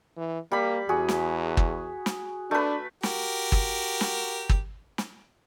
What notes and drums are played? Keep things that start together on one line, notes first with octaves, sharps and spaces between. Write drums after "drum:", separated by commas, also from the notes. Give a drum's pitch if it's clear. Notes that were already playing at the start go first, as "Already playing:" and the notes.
E3
G3 A#3 B5
E2 F#4 G#4
drum: snare
drum: kick
drum: snare
A3 D4 B4
F#4 G4 A#4, drum: snare
drum: kick
drum: snare
drum: kick
drum: snare